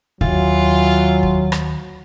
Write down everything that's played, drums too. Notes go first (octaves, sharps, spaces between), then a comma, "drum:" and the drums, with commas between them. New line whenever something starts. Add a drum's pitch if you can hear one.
D#2 E3 F#3 F4, drum: kick
drum: kick
drum: rim click